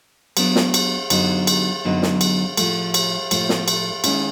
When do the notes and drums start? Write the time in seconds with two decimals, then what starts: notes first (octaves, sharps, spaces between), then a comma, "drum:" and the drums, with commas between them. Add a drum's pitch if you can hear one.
0.37 F#3 B3 D4, drum: cymbal
0.56 drum: snare
0.74 drum: cymbal
1.10 F#2 D3 F#3 B3 D#4, drum: cymbal
1.47 drum: cymbal
1.85 F#2 D3 F#3 B3 D#4
2.02 drum: snare
2.21 drum: cymbal
2.57 A2 F3 A3, drum: cymbal
2.94 drum: cymbal
3.31 A2 F3 A3, drum: cymbal
3.49 drum: snare
3.68 drum: cymbal
4.04 D#3 G#3 C#4 E4, drum: cymbal